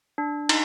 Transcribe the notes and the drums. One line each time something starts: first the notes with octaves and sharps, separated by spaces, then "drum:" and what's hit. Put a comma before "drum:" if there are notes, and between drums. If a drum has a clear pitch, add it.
D4
D#4, drum: cymbal